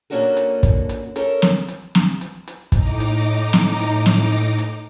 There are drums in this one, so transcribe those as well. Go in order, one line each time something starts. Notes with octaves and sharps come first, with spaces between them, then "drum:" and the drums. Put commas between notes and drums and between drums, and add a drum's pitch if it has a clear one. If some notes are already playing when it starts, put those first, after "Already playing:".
A#2 A#3 C#4 D4 F#4 A4
drum: hi-hat
drum: kick, hi-hat
drum: hi-hat
C#4 A4 A#4, drum: hi-hat
drum: snare
drum: hi-hat
drum: snare
drum: hi-hat
drum: hi-hat
A2 D#4 A#5 D6, drum: kick, hi-hat
drum: hi-hat
drum: snare
drum: hi-hat
drum: snare
drum: hi-hat
drum: hi-hat